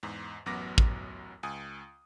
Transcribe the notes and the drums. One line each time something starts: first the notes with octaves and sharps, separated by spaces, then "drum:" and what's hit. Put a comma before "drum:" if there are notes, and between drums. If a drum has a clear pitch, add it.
E2 G#2
A1 F#2 F#3 B3 D6 A#6
drum: kick
C#2 G#5 D#6